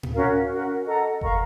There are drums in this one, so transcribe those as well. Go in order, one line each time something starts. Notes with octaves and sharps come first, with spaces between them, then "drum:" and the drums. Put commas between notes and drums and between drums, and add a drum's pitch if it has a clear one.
drum: tom A2
C#4 F#4 A#4 F5
C#4 F#4 A#4
A4 D#5 F#5 A#5
A#4 F5 A#5 C#6, drum: kick F#1